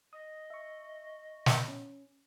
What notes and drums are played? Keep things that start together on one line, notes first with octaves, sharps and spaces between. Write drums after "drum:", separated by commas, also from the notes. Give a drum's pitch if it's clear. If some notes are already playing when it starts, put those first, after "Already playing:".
D#5 D#6
E5 C#6
drum: snare
C#4